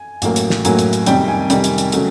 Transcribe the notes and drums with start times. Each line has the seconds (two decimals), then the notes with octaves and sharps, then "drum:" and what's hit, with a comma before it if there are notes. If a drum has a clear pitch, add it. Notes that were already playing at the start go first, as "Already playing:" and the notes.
Already playing: G#5
0.22 A1 A2 F#3 A#3, drum: hi-hat
0.36 drum: hi-hat
0.50 drum: snare
0.65 A1 A2 F#3 A#3 G#5, drum: hi-hat
0.79 drum: hi-hat
0.93 drum: hi-hat
1.06 F2 C3 D#3 G3 G5, drum: hi-hat
1.28 G#5
1.50 F2 C3 D#3 G3, drum: hi-hat
1.64 drum: hi-hat
1.78 drum: hi-hat
1.92 C#3 F#3 A3, drum: hi-hat